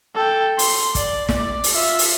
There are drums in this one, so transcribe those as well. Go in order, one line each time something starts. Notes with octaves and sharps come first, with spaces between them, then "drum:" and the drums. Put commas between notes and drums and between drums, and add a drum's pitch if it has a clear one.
A4 G5
C6, drum: open hi-hat
D5, drum: kick, hi-hat
D5, drum: snare
drum: open hi-hat
F4 E5
drum: open hi-hat